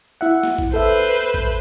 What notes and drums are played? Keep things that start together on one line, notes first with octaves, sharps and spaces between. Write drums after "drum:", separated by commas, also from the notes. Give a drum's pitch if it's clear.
E4 E5 F#5
drum: snare
drum: kick A1
A4 B4 C5 E5
drum: kick A1